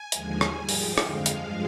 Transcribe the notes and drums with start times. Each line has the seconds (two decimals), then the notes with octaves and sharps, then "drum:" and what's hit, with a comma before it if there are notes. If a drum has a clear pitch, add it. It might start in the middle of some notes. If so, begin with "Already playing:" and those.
Already playing: G#5
0.12 D#2 D3 F3 G#3, drum: hi-hat
0.41 G#2 G3, drum: rim click
0.69 G#2 F3 G#3 G5, drum: open hi-hat
0.98 F2 D3 G#3 F5, drum: rim click
1.26 G2 F3 G#3, drum: hi-hat